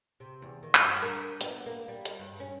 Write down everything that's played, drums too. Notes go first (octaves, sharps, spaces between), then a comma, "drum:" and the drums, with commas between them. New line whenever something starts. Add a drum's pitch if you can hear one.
C3
E2
D#3
G2, drum: clap
A#4
B3, drum: hi-hat
A#3
G3
drum: hi-hat
G2
C#4